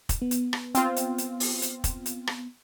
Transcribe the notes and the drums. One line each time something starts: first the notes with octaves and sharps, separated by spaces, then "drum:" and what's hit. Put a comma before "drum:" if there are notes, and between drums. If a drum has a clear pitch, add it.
drum: kick, hi-hat
B3
drum: hi-hat
drum: rim click
C4 F4, drum: hi-hat
drum: hi-hat
drum: hi-hat
drum: open hi-hat
drum: hi-hat
drum: kick, hi-hat
drum: hi-hat
drum: rim click